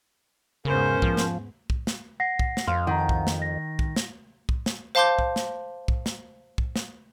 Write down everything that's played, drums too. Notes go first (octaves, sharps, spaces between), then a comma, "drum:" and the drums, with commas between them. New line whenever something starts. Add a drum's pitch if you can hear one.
E2 G#2 C#3 B3 C#4 A#4 C5
F3, drum: kick
drum: snare
drum: kick
drum: snare
F#5 A#6 C7
drum: kick
drum: snare
F2 F5 C6
D#3 F#5 A#5
drum: kick
drum: snare
A#6
drum: kick
drum: snare
drum: kick
drum: snare
C5 F5 A5 C6 D6 G6
drum: kick
drum: snare
drum: kick
drum: snare
drum: kick
drum: snare